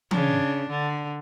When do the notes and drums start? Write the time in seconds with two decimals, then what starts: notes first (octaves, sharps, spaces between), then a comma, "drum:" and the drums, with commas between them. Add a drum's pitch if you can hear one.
0.11 C#3 D4, drum: tom E3
0.70 D3